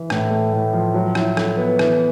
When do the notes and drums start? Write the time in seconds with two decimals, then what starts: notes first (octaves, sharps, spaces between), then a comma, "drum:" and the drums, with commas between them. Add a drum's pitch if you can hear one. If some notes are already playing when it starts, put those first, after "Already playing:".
Already playing: E3
0.10 A2, drum: rim click
0.30 A3
0.52 A2
0.73 F3
0.94 F#3
1.15 E4, drum: rim click
1.37 A4, drum: rim click
1.57 B3
1.79 E3, drum: rim click